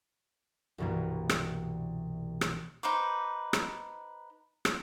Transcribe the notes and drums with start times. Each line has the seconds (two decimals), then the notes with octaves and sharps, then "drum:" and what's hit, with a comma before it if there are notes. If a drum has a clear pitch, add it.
0.78 C2 G2 B2 E3 A#3
1.29 drum: rim click
2.41 drum: rim click
2.83 D#4 B4 C5 D6
3.53 drum: rim click
4.65 drum: rim click